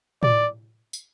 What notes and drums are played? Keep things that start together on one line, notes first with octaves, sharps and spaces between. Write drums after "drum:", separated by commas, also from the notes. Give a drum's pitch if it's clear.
D5, drum: tom A2
drum: tambourine